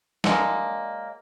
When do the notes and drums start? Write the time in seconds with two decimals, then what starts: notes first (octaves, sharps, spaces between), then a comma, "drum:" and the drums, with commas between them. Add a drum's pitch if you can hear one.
0.24 D3 F#3 G#3 A#3, drum: snare